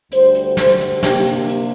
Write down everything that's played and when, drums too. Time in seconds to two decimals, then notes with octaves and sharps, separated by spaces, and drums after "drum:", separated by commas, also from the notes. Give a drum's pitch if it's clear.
0.12 D2 D3 G3 C5, drum: hi-hat
0.35 drum: hi-hat
0.57 C5, drum: snare
0.80 drum: hi-hat
1.03 C3 A#3 D4 G4, drum: snare
1.26 drum: hi-hat
1.49 drum: hi-hat